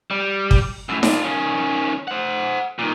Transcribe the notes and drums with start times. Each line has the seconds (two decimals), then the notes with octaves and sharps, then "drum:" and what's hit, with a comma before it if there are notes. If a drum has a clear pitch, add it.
0.11 G3
0.51 drum: kick
0.89 F#2 A2
1.03 D4 F4, drum: snare D#4
1.24 D#3 C#4
2.08 C5 F#5
2.79 A#2 D#3